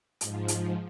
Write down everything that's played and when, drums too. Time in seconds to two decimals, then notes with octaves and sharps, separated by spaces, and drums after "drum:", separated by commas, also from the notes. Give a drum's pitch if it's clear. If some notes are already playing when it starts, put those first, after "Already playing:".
0.21 G#2 F3, drum: hi-hat
0.48 drum: hi-hat